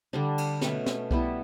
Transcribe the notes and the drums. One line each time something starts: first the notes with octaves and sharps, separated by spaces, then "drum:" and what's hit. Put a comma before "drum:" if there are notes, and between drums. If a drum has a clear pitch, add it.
D3 G3 D4
drum: cymbal
B2 A3 C#4, drum: snare
drum: snare
G3 B3 E4 A4, drum: kick B1